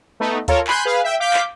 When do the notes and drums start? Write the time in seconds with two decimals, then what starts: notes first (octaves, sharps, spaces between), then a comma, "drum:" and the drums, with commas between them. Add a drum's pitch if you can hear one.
0.20 A3 B3 D#4
0.48 F4 A4 A#4 C#5, drum: kick D2, hi-hat
0.67 G#5 B5 C6 F#6 G6, drum: clap
0.85 G#4 B4 F5
1.04 E5 G5
1.20 F5 D6 G6 B6
1.34 drum: clap